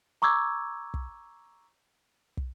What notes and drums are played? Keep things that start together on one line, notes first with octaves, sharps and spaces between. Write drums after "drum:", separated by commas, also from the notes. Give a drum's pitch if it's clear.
A#5 C#6 D6 E6 G#6
drum: kick
drum: kick